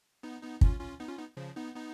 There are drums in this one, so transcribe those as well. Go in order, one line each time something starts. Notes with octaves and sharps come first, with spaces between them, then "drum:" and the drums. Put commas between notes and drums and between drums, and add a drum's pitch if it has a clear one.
B3 D#4
B3 D#4
C#4 F4, drum: kick
C#4 F4
B3 D#4
C#4 F4
B3 D#4
C#3 F3
B3 D#4
B3 D#4